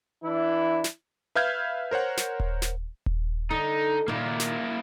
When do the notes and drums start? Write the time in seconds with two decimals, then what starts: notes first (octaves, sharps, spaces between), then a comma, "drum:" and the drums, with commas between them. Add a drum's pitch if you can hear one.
0.24 E3 D4 E4
0.84 drum: snare
1.35 B4 E5 F5 F6 G6 G#6
1.91 A#4 C5 C#5 F#5
2.17 drum: snare
2.40 drum: kick D#1
2.62 drum: snare
3.06 drum: kick D#1
3.51 D3 D#4
4.08 A#2 D#3 A#3 E4
4.40 drum: snare